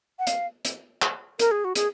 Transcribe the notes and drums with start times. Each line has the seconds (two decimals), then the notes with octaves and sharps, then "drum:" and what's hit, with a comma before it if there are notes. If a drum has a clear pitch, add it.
0.19 F#5
0.27 F5, drum: hi-hat
0.65 drum: hi-hat
1.02 drum: clap
1.39 A#4, drum: hi-hat
1.51 G#4
1.65 F#4
1.76 G#4, drum: hi-hat